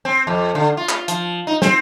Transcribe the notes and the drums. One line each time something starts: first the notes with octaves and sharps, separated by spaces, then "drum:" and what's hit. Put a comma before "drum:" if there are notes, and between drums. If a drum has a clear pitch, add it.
C4
F2
D3
F4
drum: clap
F3, drum: hi-hat
D#4
C4, drum: snare